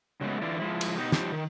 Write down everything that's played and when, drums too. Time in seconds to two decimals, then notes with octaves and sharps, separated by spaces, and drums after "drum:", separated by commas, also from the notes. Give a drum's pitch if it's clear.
0.21 C#3 F#3 G#3 A3 B3
0.42 D3 E3 E4 F4 D5
0.60 F3 G#3 E4
0.81 drum: cymbal
0.98 B2 D#4 G4
1.12 F3 G3 D#4 G4, drum: snare
1.32 D#3